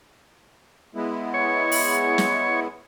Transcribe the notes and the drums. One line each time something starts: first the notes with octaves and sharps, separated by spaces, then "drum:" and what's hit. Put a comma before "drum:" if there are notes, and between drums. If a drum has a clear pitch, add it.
G#3 B3 E4
C#5
drum: open hi-hat
drum: snare